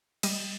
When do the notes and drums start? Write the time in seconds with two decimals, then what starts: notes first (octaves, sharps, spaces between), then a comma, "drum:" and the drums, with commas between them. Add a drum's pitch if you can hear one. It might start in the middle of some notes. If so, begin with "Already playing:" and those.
0.23 G3 D#5, drum: cymbal